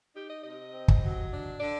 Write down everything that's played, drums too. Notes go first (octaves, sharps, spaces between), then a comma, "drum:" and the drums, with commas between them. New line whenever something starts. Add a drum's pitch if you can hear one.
D#4 G4
D#5
C3 D#5
C4
drum: kick
F#3
D4
D3 D5